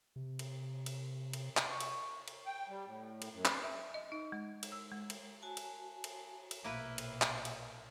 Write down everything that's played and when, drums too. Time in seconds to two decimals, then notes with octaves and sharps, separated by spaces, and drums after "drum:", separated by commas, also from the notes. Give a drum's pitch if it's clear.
0.16 C3
0.39 drum: cymbal
0.86 drum: cymbal
1.33 drum: cymbal
1.57 drum: clap
1.71 C#6
1.80 drum: cymbal
2.28 drum: cymbal
2.46 G5
2.69 G3
2.86 A2
3.22 drum: cymbal
3.33 F#2
3.45 drum: clap
3.63 E5
3.94 D#5
4.12 D#4
4.32 G#3
4.63 drum: cymbal
4.72 E6
4.92 G#3
5.10 drum: cymbal
5.42 F#4 G#5 A5
5.57 drum: cymbal
6.04 drum: cymbal
6.51 drum: cymbal
6.64 A#1 B2 A#3 E4 B4
6.98 drum: cymbal
7.22 drum: clap
7.45 drum: cymbal